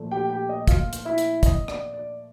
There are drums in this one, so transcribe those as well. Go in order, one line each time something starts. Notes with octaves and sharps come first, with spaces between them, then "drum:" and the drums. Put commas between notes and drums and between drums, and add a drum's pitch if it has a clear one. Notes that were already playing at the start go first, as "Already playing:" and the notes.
Already playing: A#2 F3 A3
G4 G5
G4 G5
D#5
F4 F5, drum: kick, hi-hat
drum: hi-hat
E4 E5
drum: hi-hat
D#5, drum: kick, hi-hat
D5, drum: rim click
D5